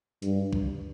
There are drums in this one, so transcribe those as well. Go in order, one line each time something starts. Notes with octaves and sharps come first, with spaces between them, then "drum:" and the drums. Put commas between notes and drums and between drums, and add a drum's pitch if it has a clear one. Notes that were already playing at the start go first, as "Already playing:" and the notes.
G2, drum: hi-hat
drum: kick